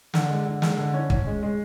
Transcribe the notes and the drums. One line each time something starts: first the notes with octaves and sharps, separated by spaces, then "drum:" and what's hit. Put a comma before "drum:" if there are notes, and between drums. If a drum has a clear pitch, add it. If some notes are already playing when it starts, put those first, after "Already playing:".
D3, drum: snare
G#3
D3
G#3, drum: snare
D3
C#4
C#4, drum: kick
G#3
G#3